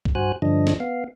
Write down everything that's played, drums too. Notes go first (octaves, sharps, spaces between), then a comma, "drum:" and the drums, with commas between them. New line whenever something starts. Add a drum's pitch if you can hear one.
drum: kick
G2 F#4 C5 G#5 F#6
G2 D3 F3 D4 D#5
drum: snare
B3 F5